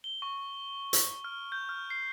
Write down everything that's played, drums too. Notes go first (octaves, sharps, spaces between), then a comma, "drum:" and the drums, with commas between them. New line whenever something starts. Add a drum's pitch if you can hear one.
G7
C#6
drum: hi-hat
F6
G6
F6
C7